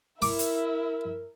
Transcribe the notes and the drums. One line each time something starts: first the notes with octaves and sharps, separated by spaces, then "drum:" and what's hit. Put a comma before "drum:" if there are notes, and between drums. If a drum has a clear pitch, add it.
E4 A#4 E5 D6, drum: open hi-hat
drum: hi-hat